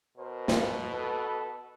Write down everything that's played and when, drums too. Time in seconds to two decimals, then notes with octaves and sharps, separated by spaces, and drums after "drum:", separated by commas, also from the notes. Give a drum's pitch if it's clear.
0.17 B2 A#4 C5
0.48 drum: snare
0.92 A4 B4